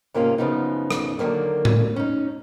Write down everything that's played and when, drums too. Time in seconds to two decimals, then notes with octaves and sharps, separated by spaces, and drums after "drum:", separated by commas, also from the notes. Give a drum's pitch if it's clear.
0.14 G#2 C3 A#3 C#4 F4
0.38 F#2 C#3 F3 B3 D#4
0.91 drum: rim click
1.19 D3 D#3 F3 F#3 A#3
1.65 drum: tom A2
1.96 C#4 D#4